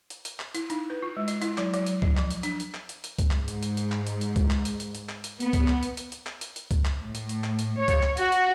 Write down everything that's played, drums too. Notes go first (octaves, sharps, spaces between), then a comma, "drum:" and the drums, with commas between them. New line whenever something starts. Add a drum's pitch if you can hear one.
drum: hi-hat
drum: hi-hat
drum: clap
E4, drum: hi-hat
D#4, drum: hi-hat
B4
F4
G#3
D#5, drum: hi-hat
E4, drum: hi-hat
F#3, drum: clap
F#3, drum: hi-hat
drum: hi-hat
D#5, drum: kick C#2
F3, drum: clap
drum: hi-hat
D4, drum: hi-hat
drum: hi-hat
drum: clap
drum: hi-hat
drum: hi-hat
drum: kick C#2, hi-hat
G#2, drum: clap
drum: hi-hat
drum: hi-hat
drum: hi-hat
drum: clap
drum: hi-hat
drum: hi-hat
drum: kick C#2, hi-hat
drum: clap
drum: hi-hat
drum: hi-hat
drum: hi-hat
drum: clap
drum: hi-hat
B3, drum: hi-hat
drum: kick C#2, hi-hat
drum: clap
drum: hi-hat
drum: hi-hat
drum: hi-hat
drum: clap
drum: hi-hat
drum: hi-hat
drum: kick C#2, hi-hat
drum: clap
A2
drum: hi-hat
drum: hi-hat
drum: clap
drum: hi-hat
C#5
drum: kick C#2, hi-hat
drum: clap
F#4, drum: hi-hat
drum: hi-hat